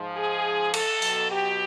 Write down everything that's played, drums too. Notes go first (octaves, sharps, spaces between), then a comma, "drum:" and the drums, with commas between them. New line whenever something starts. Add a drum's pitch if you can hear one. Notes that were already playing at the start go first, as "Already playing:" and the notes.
Already playing: G#2 F3
G#4
A4, drum: cymbal
B2 F#3, drum: open hi-hat
G4